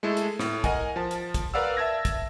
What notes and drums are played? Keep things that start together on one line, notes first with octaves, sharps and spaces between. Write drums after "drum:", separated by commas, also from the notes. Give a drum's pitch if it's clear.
G#3 A3 E4 A4
drum: hi-hat
A2, drum: snare
A#4 D#5 F#5 G#5, drum: kick, hi-hat
F3 A5
drum: hi-hat
drum: kick, hi-hat
A#4 B4 D5 F5 F#5 E6
E5 A5 E6 G#6 A#6
drum: kick, hi-hat